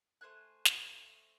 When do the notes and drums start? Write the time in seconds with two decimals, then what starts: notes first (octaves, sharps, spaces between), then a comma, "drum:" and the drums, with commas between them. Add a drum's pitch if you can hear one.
0.21 A3 C5 G#5 F#6
0.65 drum: snare